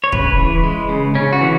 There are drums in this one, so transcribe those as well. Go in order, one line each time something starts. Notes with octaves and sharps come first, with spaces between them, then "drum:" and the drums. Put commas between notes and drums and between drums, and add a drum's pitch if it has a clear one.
C#5
C#3 B4, drum: kick
E3
G#3
C#3
C#3 C#4
F#4
E3